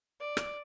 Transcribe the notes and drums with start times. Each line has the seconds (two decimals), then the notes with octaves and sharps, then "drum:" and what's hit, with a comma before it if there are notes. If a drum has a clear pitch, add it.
0.20 D5
0.37 drum: rim click